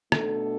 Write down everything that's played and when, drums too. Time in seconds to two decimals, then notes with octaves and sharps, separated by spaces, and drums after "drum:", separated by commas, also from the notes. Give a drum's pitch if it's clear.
0.12 B2 A3 D4 A4, drum: rim click